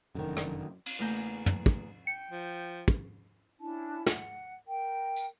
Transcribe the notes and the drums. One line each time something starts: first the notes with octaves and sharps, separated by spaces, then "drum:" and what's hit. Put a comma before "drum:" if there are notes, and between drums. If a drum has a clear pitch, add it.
F1 F#2 D3 D#3
drum: rim click
drum: cymbal
E2 C#3 A3 A#3 A#5 G6
drum: tom
drum: kick
G5 C#7
F3
drum: kick
C#4 D4 E4 A5
F#5, drum: snare
A#4 G5
drum: tambourine